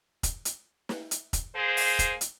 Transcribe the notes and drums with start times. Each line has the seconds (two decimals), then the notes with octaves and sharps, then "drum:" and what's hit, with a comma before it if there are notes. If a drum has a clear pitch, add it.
0.23 drum: kick, hi-hat
0.45 drum: hi-hat
0.89 drum: snare
1.11 drum: hi-hat
1.33 drum: kick, hi-hat
1.55 A#3 G#4 C5
1.77 drum: open hi-hat
1.99 drum: kick, hi-hat
2.21 drum: hi-hat